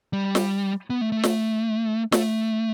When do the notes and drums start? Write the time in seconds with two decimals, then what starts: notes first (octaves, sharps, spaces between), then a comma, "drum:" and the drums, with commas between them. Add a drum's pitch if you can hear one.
0.13 G3
0.35 drum: snare
0.90 B3
1.01 A3
1.12 A3
1.23 drum: snare
2.12 A3, drum: snare